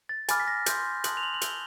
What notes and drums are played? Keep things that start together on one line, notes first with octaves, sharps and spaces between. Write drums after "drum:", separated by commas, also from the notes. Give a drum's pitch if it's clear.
A6
G#5 B5 D6 F6 A6, drum: hi-hat
B6
A#6
C6 D#6 G6, drum: hi-hat
A5 C6 D#6 F#6 F#7, drum: hi-hat
F7
F#7
F#7
C6 E6 G6 G7, drum: hi-hat